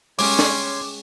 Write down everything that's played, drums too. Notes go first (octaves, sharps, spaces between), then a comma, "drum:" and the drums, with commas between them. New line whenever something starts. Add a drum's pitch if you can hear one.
G#3 C#4 G4 G#4 C#5 C6 D6, drum: open hi-hat
drum: snare